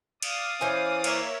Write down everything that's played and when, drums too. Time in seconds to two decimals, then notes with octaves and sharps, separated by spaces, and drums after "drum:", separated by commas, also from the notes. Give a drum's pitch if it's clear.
0.22 D5 F5 D#6, drum: cymbal
0.61 E3 C#4 C5 G#5
1.04 A#3 A#4 C#5 E5, drum: cymbal